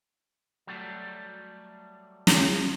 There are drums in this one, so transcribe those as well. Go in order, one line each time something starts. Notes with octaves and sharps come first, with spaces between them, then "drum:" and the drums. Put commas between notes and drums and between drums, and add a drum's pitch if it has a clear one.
F#3 G3 A3
drum: snare